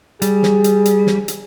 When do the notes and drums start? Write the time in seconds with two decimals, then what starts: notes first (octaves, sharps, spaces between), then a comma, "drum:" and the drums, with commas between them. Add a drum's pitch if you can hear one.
0.22 G3 G#4, drum: hi-hat
0.43 drum: snare
0.64 drum: hi-hat
0.85 drum: hi-hat
1.07 drum: snare
1.28 drum: hi-hat